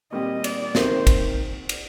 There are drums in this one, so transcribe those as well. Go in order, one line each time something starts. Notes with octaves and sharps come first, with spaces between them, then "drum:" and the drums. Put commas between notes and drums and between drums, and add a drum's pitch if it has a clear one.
A#2 G3 C4 G4 D#5
D5, drum: cymbal
C3 D#3 A#3 C5, drum: snare
drum: kick, cymbal
drum: cymbal